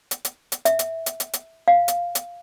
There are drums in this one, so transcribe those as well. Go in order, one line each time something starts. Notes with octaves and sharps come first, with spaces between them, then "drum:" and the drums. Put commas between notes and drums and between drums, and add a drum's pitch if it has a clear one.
drum: hi-hat
drum: hi-hat
drum: hi-hat
E5, drum: hi-hat
drum: hi-hat
drum: hi-hat
drum: hi-hat
drum: hi-hat
F5
drum: hi-hat
drum: hi-hat